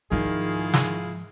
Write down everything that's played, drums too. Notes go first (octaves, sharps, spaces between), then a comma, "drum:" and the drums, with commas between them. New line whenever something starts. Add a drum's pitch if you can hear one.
G#2 D#3 F3 E4 F4 G#4
drum: snare